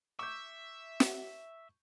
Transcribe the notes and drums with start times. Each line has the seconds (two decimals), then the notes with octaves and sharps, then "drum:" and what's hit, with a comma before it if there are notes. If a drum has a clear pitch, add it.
0.19 E5 C#6 D6 G6
1.00 drum: snare